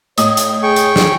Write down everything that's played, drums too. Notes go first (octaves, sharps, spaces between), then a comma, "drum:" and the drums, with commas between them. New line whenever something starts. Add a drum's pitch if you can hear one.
A2 C#5 D#5 D#6, drum: hi-hat
drum: hi-hat
G#4 G5 C#6
drum: hi-hat
drum: snare